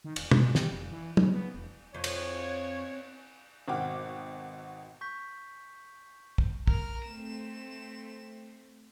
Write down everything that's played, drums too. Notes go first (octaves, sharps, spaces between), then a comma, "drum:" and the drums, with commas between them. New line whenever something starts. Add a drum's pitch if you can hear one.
D#3
E1, drum: cymbal
F3, drum: tom
G#2
G3, drum: snare
F1
E3
C#3, drum: tom
B3
E1
F2 C#5
drum: cymbal
G#1 B2 F#4 G5 D6 F6
C#6 G6 B6
drum: kick
A#4 F6, drum: kick
A3 C4 E7